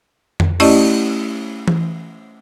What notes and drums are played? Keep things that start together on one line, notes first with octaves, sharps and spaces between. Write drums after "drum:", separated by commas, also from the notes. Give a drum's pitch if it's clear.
drum: tom F2
A3 C#4 E4 G4 D5 D#5, drum: cymbal
drum: tom E3